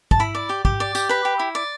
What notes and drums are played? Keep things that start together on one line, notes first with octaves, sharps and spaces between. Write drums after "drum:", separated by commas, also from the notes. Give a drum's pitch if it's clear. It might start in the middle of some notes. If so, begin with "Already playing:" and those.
A5, drum: kick
E4 B5
D5
G4
G4, drum: kick
D5
G4, drum: tambourine
B4 B5
G4
E4
D5